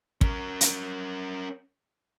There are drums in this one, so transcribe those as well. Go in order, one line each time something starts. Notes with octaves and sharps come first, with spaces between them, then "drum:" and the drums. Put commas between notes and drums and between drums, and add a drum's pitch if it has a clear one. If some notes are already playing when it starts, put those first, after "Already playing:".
C#4 A#4, drum: kick
drum: hi-hat